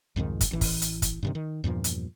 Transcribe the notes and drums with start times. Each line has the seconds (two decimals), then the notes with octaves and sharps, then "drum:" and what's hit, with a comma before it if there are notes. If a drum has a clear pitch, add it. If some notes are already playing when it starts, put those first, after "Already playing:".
0.16 C2 F2 G#2 D#3
0.41 drum: kick, hi-hat
0.51 A1 E3
0.61 drum: kick, open hi-hat
0.82 drum: hi-hat
1.02 drum: kick, hi-hat
1.23 G2 C3 D#3
1.35 D#3
1.64 E2 G2 A#2 F3
1.84 drum: hi-hat